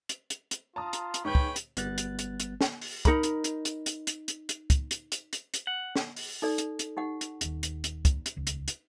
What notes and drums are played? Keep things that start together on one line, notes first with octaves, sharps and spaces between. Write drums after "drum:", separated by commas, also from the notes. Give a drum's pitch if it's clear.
drum: hi-hat
drum: hi-hat
drum: hi-hat
F4 A5 A#5 D#6
drum: hi-hat
drum: hi-hat
G#2 B4 C#5 G5 G6
drum: kick
drum: hi-hat
G1 G3 B3 F#6 A6, drum: hi-hat
drum: hi-hat
drum: hi-hat
drum: hi-hat
drum: snare
drum: open hi-hat
D#4 A#4 A#5 B5, drum: kick, hi-hat
drum: hi-hat
drum: hi-hat
drum: hi-hat
drum: hi-hat
drum: hi-hat
drum: hi-hat
drum: hi-hat
drum: kick, hi-hat
drum: hi-hat
drum: hi-hat
drum: hi-hat
drum: hi-hat
F#5
drum: snare
drum: open hi-hat
D#4 A4 D5
drum: hi-hat
drum: hi-hat
D#4 G4 F#5
drum: hi-hat
D#1 D#2, drum: hi-hat
drum: hi-hat
drum: hi-hat
drum: kick, hi-hat
drum: hi-hat
D#1 C#2
drum: hi-hat
drum: hi-hat